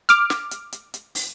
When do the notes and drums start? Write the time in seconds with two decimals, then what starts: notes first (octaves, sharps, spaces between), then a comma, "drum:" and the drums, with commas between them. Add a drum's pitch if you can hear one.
0.09 D6 F6, drum: hi-hat
0.30 drum: snare
0.51 drum: hi-hat
0.72 drum: hi-hat
0.94 drum: hi-hat
1.15 drum: open hi-hat